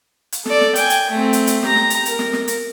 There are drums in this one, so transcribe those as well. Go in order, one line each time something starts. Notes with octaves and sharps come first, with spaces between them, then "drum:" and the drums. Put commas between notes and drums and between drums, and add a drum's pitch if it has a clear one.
drum: hi-hat
A4 D5, drum: snare
drum: snare
G5 G#5, drum: hi-hat
drum: hi-hat
A3 C4
drum: hi-hat
drum: hi-hat
G4 A#5, drum: snare
drum: snare
drum: hi-hat
A#4, drum: hi-hat
drum: snare
drum: snare
drum: hi-hat